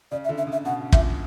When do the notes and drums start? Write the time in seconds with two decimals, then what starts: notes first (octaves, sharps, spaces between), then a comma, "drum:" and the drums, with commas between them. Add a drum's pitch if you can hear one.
0.12 C#3 D5
0.25 E5
0.29 D3
0.38 E5
0.47 C#3
0.52 E5
0.65 B2 F#5
0.92 A#2 E5, drum: kick